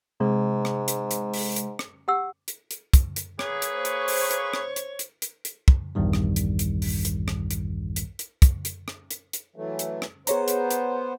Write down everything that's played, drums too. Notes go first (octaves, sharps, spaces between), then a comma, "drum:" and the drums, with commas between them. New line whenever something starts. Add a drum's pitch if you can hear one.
G#2 C3 G#3
drum: rim click
drum: hi-hat
drum: hi-hat
drum: open hi-hat
drum: hi-hat
drum: rim click
G4 F#5 E6
drum: hi-hat
drum: hi-hat
drum: kick, hi-hat
drum: hi-hat
A#3 G#4 B4 C#5, drum: rim click
drum: hi-hat
C5 C#6
drum: hi-hat
drum: open hi-hat
drum: hi-hat
drum: rim click
drum: hi-hat
drum: hi-hat
drum: hi-hat
drum: hi-hat
drum: kick
A#1 E2 G2 D#3 G3
drum: rim click
drum: hi-hat
drum: hi-hat
drum: open hi-hat
drum: hi-hat
drum: rim click
drum: hi-hat
drum: hi-hat
drum: hi-hat
drum: kick, hi-hat
drum: hi-hat
drum: rim click
drum: hi-hat
drum: hi-hat
E3 F#3 A3
drum: hi-hat
drum: rim click
B3 G#4 C5 C#5 A#5, drum: hi-hat
drum: hi-hat
drum: hi-hat